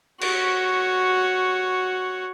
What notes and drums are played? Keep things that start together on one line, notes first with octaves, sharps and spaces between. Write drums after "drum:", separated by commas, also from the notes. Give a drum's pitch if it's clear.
F#4 C#5, drum: cymbal